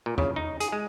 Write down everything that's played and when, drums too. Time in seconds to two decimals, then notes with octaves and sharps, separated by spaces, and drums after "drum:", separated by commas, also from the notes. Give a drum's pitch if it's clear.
0.06 A#2
0.18 C#3, drum: tom E2
0.36 D#4
0.60 G#4, drum: hi-hat
0.72 G#3